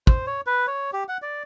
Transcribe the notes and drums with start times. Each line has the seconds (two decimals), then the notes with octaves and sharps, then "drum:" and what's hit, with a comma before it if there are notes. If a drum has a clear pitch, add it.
0.07 C5, drum: kick
0.27 C#5
0.47 B4
0.67 C#5
0.93 G4
1.08 F#5
1.22 D5